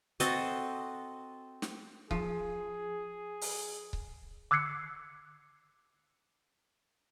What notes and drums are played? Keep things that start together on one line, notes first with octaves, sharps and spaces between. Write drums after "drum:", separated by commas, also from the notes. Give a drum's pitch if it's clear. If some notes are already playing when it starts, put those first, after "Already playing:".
C4 F#4 A4 D#5, drum: hi-hat
drum: snare
F3 G#4, drum: kick C#1
drum: open hi-hat
drum: kick C#1
D6 E6 F#6 G#6 C7 C#7